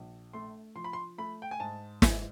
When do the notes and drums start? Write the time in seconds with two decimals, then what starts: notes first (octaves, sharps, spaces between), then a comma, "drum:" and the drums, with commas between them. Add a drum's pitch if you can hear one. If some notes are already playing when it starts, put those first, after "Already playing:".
Already playing: A#1
0.33 A3 C6
0.76 F3 C6
0.84 B5
0.93 C6
1.18 A3 B5
1.42 G5
1.51 G#5
1.60 G#2 A5
2.02 G#2, drum: snare